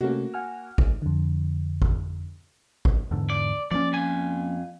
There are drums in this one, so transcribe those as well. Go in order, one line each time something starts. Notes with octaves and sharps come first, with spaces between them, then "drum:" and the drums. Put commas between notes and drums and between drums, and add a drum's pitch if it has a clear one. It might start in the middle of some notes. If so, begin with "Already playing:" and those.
C3 A3 A#3 C#4 F#4
F#5 G#5 F6
drum: kick G#1
F2 D3
drum: kick G#1
drum: kick G#1
E2 G#2 D3
D5
F3 A#3 C#4 D5
F2 G#5